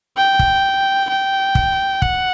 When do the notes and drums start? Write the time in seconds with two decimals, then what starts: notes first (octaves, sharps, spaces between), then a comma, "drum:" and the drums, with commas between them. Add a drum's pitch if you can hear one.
0.17 G5
0.39 drum: kick
1.09 G5
1.55 drum: kick
2.02 F#5, drum: kick